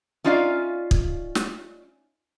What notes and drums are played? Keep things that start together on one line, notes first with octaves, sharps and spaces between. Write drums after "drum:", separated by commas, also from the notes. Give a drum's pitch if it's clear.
C#4 D#4 F4 D5 E5 F5
drum: kick
drum: snare